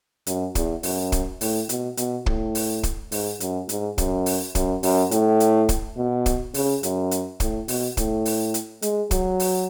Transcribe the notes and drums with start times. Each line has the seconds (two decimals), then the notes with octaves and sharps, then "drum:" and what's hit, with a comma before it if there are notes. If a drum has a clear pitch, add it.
0.27 F#2, drum: hi-hat
0.55 E2, drum: kick, hi-hat
0.83 F#2, drum: open hi-hat
1.12 drum: kick, hi-hat
1.41 A2, drum: open hi-hat
1.69 B2, drum: hi-hat
1.97 B2, drum: hi-hat
2.26 A2, drum: kick
2.55 drum: open hi-hat
2.83 drum: kick, hi-hat
3.12 G#2, drum: open hi-hat
3.40 F#2, drum: hi-hat
3.69 G#2, drum: hi-hat
3.98 F#2, drum: kick, hi-hat
4.26 drum: open hi-hat
4.55 F#2, drum: kick, hi-hat
4.83 F#2, drum: open hi-hat
5.11 A2, drum: hi-hat
5.40 drum: hi-hat
5.69 drum: kick, hi-hat
5.97 B2
6.26 drum: kick, hi-hat
6.54 C#3, drum: open hi-hat
6.83 F#2, drum: hi-hat
7.11 drum: hi-hat
7.40 A2, drum: kick, hi-hat
7.68 B2, drum: open hi-hat
7.97 A2, drum: kick, hi-hat
8.25 drum: open hi-hat
8.54 drum: hi-hat
8.82 G#3, drum: hi-hat
9.11 F#3, drum: kick, hi-hat
9.40 drum: open hi-hat